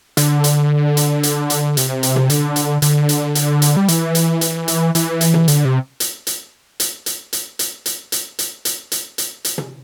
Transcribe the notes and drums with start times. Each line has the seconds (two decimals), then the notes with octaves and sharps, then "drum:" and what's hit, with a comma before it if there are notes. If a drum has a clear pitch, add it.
0.17 D3, drum: hi-hat
0.44 drum: hi-hat
0.97 drum: hi-hat
1.23 drum: hi-hat
1.50 drum: hi-hat
1.77 C3, drum: hi-hat
2.03 drum: hi-hat
2.16 drum: tom
2.30 D3, drum: hi-hat
2.56 drum: hi-hat
2.82 D3, drum: hi-hat
3.09 drum: hi-hat
3.35 drum: hi-hat
3.62 drum: hi-hat
3.76 G3
3.88 E3, drum: hi-hat
4.15 drum: hi-hat
4.41 drum: hi-hat
4.68 drum: hi-hat
4.95 E3, drum: hi-hat
5.21 drum: hi-hat
5.34 drum: tom
5.48 D3, drum: hi-hat
5.65 C3
6.00 drum: hi-hat
6.27 drum: hi-hat
6.80 drum: hi-hat
7.06 drum: hi-hat
7.33 drum: hi-hat
7.59 drum: hi-hat
7.86 drum: hi-hat
8.12 drum: hi-hat
8.39 drum: hi-hat
8.65 drum: hi-hat
8.92 drum: hi-hat
9.18 drum: hi-hat
9.45 drum: hi-hat
9.58 drum: tom